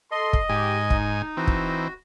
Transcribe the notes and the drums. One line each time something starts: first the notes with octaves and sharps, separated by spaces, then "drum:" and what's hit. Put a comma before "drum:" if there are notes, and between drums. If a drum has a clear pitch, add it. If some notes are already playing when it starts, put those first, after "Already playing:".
A4 D#5 C6
drum: kick
G#2 G4 G#5
D#4, drum: kick
E3 C4 F#4
drum: kick